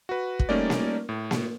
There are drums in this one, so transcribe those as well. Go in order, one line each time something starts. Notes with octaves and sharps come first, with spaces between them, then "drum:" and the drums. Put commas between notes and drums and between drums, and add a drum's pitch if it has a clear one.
F#4 B4
drum: kick
G3 A3 A#3 C#4 D#4 D5
drum: snare A#3
A2
drum: snare A#3